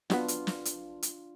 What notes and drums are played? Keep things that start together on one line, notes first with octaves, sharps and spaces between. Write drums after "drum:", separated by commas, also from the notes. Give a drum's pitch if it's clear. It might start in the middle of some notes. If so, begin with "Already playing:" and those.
F#3 G#3 B3 D4 F4, drum: snare
drum: hi-hat
drum: snare
drum: hi-hat
drum: hi-hat